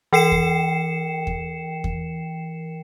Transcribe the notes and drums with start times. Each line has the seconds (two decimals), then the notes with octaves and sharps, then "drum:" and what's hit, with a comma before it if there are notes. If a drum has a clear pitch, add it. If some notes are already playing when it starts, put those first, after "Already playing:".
0.13 E3 A#4 G5 C7 C#7 E7
0.32 drum: kick E2
1.27 drum: kick E2
1.84 drum: kick E2